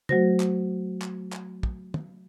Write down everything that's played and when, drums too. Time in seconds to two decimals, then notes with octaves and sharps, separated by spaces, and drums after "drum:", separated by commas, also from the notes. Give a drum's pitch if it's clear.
0.09 F#3 A3 F#4 C5 A#6, drum: tom
0.40 drum: clap
1.02 drum: clap
1.33 drum: clap
1.63 drum: kick
1.94 drum: tom